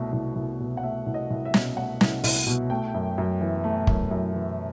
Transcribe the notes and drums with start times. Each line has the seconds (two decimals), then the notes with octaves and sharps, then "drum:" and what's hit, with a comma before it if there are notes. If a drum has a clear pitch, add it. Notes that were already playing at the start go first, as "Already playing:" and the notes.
Already playing: C2 B2 A3
0.13 C2
0.36 C2
0.60 B2
0.77 F#5
0.83 A3 E5
1.06 C2
1.14 D#5
1.31 C2
1.45 E5
1.54 B2, drum: snare
1.77 A3 F#5
2.01 C2, drum: snare
2.24 C2, drum: open hi-hat
2.47 B2
2.70 A3 G5
2.94 F#2
3.18 F#2
3.41 E3
3.64 A3
3.87 F#2, drum: kick
4.11 F#2
4.34 E3